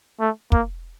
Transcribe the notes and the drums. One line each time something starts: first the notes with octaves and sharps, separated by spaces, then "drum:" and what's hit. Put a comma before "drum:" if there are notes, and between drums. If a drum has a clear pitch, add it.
A3
A#3, drum: kick